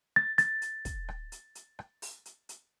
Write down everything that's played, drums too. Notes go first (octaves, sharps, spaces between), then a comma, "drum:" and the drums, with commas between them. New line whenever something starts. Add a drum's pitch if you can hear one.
A6
A6, drum: hi-hat
drum: hi-hat
drum: kick, hi-hat
drum: rim click
drum: hi-hat
drum: hi-hat
drum: rim click
drum: open hi-hat
drum: hi-hat
drum: hi-hat